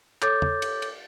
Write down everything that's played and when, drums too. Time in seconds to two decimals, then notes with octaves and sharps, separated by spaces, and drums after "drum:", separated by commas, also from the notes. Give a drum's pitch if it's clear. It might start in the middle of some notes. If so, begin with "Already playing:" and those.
0.22 A4 C#5 D6 G6 A6, drum: clap
0.42 drum: tom E2
0.62 drum: cymbal
0.82 drum: cymbal